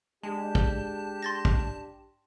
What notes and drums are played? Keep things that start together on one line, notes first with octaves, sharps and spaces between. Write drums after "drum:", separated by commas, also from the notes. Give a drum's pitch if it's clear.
G#3 D4 G4 A5
drum: kick
C6 A6 A#6
drum: kick